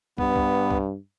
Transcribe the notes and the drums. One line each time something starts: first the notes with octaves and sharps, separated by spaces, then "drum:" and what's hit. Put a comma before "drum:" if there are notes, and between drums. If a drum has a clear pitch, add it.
G2 B3, drum: kick
drum: kick
drum: kick